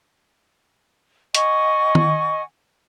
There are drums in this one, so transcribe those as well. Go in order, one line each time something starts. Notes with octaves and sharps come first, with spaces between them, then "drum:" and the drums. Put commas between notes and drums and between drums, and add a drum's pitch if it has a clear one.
D#5 F#5 G#5 C#6, drum: hi-hat
drum: tom D#3